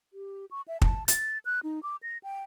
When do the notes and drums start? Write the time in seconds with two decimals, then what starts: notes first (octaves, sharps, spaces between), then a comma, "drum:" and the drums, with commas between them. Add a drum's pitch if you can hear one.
0.13 G4
0.51 C#6
0.68 E5
0.82 A5, drum: kick
1.08 A6, drum: hi-hat
1.45 F#6
1.63 D#4
1.83 D6
2.03 A#6
2.23 G5